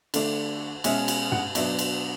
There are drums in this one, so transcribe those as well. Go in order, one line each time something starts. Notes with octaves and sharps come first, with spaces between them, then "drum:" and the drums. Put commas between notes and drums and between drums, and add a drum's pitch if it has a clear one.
D3 A3 D4, drum: cymbal
B2 G#3 C#4 E5, drum: cymbal
drum: cymbal
F#5, drum: tom
B2 F#3 B3 D4 E5, drum: cymbal
drum: cymbal